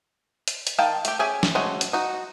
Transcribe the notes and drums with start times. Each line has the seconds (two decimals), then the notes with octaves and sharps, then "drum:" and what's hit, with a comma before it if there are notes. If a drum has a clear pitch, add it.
0.48 drum: hi-hat
0.67 drum: hi-hat
0.78 D#3 F5 G5 A5
1.05 A3 G4, drum: hi-hat
1.19 C#4 G4 G#4 E5 G#5
1.43 drum: snare
1.55 G#3 A3 C#4 F#4 G#4
1.81 drum: hi-hat
1.93 D#4 F#4